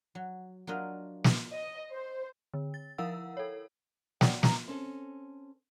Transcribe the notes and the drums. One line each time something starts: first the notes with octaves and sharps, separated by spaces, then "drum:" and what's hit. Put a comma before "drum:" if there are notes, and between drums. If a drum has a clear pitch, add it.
F#3
F#3 D4 F4 A#4 D#5
drum: snare
D#5
C5
D3
A6
F3 E4 A#4 F5 F#5 E6
A4 C#5
F#3 D5 G5, drum: snare
A#5, drum: snare
C4 C#4 A4